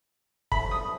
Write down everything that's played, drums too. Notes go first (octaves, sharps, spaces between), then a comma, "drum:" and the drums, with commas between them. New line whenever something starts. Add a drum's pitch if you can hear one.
B5, drum: kick
D#6